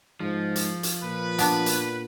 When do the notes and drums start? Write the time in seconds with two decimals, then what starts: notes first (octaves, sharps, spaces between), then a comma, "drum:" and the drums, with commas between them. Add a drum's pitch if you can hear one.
0.20 G#2 F3
0.56 drum: hi-hat
0.83 drum: hi-hat
1.04 A#2 B4
1.38 B3 D4, drum: hi-hat
1.66 drum: hi-hat